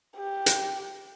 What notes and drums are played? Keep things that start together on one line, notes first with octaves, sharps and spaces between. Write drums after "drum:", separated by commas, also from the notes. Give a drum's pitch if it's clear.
G4
drum: hi-hat